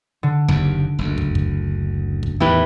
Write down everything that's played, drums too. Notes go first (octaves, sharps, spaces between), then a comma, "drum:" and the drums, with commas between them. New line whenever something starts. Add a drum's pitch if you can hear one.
D3
F#1 D#2 D7, drum: kick
F#1 D2
drum: kick
drum: kick
drum: kick
E2 A2 D#3 E4 G4 B4